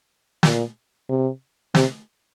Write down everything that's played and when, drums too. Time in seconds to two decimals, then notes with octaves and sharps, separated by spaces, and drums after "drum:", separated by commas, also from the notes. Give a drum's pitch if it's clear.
0.43 A#2, drum: snare
1.09 C3
1.75 C3, drum: snare